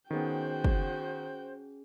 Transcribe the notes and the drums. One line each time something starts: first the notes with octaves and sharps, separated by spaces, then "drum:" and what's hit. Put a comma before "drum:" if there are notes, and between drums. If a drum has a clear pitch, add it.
D#3 B3 C#4 F#4 G#4 C5 G5
drum: kick